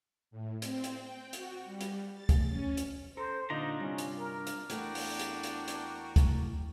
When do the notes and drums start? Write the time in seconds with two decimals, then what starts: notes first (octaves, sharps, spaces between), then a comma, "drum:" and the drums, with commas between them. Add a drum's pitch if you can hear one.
0.31 A2
0.62 C4, drum: hi-hat
0.84 drum: hi-hat
1.00 G5
1.33 F#4, drum: hi-hat
1.65 G3
1.81 drum: hi-hat
2.13 A6
2.29 drum: kick, hi-hat
2.49 C#4
2.77 drum: hi-hat
3.17 A4 C5 A#5
3.50 A#2 D3 D4 D#4 F4 A#5
3.80 G2 C3 G3 C#4
3.98 drum: hi-hat
4.18 A#4
4.47 drum: hi-hat
4.70 E2 A3 D4 F#4 A#4 G5, drum: hi-hat
4.95 drum: open hi-hat
5.19 drum: hi-hat
5.43 drum: hi-hat
5.68 drum: hi-hat
6.16 drum: kick, hi-hat